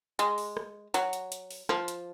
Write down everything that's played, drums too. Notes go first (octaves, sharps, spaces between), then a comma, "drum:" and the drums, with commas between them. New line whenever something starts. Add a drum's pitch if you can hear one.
G#3, drum: hi-hat
drum: open hi-hat
drum: rim click
F#3, drum: hi-hat
drum: hi-hat
drum: hi-hat
drum: open hi-hat
F3, drum: rim click
drum: hi-hat